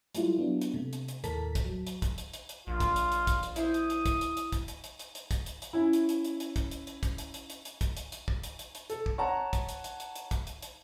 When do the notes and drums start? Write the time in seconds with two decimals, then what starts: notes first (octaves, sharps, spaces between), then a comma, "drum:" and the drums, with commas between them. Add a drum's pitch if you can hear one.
0.15 F#3 G3 A3 E4 F4, drum: hi-hat
0.38 F#3 B3 D4
0.61 drum: hi-hat
0.74 C3 A3
0.93 drum: hi-hat
1.08 drum: hi-hat
1.24 D#2 A2 A4 A#4 A5 B6, drum: hi-hat
1.55 drum: kick, hi-hat
1.65 F#3
1.87 drum: hi-hat
2.02 drum: kick, hi-hat
2.18 drum: hi-hat
2.33 drum: hi-hat
2.49 drum: hi-hat
2.67 A#1 F4
2.80 drum: kick, hi-hat
2.96 drum: hi-hat
3.12 drum: hi-hat
3.27 drum: kick, hi-hat
3.43 drum: hi-hat
3.56 E4 C5 D#6, drum: hi-hat
3.74 drum: hi-hat
3.90 drum: hi-hat
4.06 drum: kick, hi-hat
4.21 drum: hi-hat
4.37 drum: hi-hat
4.52 drum: kick, hi-hat
4.68 drum: hi-hat
4.84 drum: hi-hat
4.99 drum: hi-hat
5.15 drum: hi-hat
5.31 drum: kick, hi-hat
5.46 drum: hi-hat
5.62 drum: hi-hat
5.73 C#4 E4
5.93 drum: hi-hat
6.09 drum: hi-hat
6.25 drum: hi-hat
6.40 drum: hi-hat
6.56 drum: kick, hi-hat
6.71 drum: hi-hat
6.87 drum: hi-hat
7.03 drum: kick, hi-hat
7.18 drum: hi-hat
7.34 drum: hi-hat
7.50 drum: hi-hat
7.65 drum: hi-hat
7.81 drum: kick, hi-hat
7.97 drum: hi-hat
8.12 drum: hi-hat
8.28 drum: kick
8.43 drum: hi-hat
8.59 drum: hi-hat
8.75 drum: hi-hat
8.90 A4, drum: hi-hat
9.06 drum: kick
9.18 C#5 F#5 A5 A#5
9.53 drum: kick, hi-hat
9.69 drum: hi-hat
9.84 drum: hi-hat
10.00 drum: hi-hat
10.16 drum: hi-hat
10.31 drum: kick, hi-hat
10.47 drum: hi-hat
10.62 drum: hi-hat